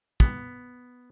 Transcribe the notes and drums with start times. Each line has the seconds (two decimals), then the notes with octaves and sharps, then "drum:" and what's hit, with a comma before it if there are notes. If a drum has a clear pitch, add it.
0.20 B3, drum: kick